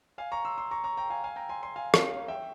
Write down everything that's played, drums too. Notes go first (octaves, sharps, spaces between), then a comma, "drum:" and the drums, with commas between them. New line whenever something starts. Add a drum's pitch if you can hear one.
F5 G#5
A#5 C#6
C6 E6
C6 E6
A#5 C#6
A#5 C#6
G5 A#5
F5 G#5
F5 G#5
G5 A#5
G#5 C6
G#5 C6
F5 G#5
F5, drum: rim click
F5
E5 G5